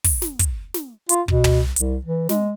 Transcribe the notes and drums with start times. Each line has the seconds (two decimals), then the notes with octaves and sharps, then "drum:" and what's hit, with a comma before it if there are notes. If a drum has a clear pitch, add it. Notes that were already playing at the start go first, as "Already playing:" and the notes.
0.04 drum: kick, open hi-hat
0.22 drum: snare
0.39 drum: kick, hi-hat
0.74 drum: snare
1.09 F4, drum: hi-hat
1.28 B2, drum: kick
1.44 drum: tom
1.76 C2, drum: hi-hat
2.05 E3
2.29 G#3, drum: snare